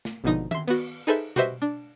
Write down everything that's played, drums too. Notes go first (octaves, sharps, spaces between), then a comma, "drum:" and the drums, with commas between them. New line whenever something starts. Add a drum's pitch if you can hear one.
drum: snare
G#1 B2 D3 F3 D#4 D#6
E5 C6, drum: tom D#3
B3 F#4, drum: cymbal
D#4 G#4 A4 B4 C5 E5
F#4 G4 B4 C5 D#5 E5, drum: tom B2
D4